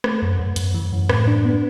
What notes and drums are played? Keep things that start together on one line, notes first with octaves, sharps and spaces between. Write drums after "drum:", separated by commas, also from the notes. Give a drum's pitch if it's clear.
A3, drum: rim click
F#2
F#2
F#2, drum: hi-hat
E3
F#2
A2, drum: rim click
D4
B3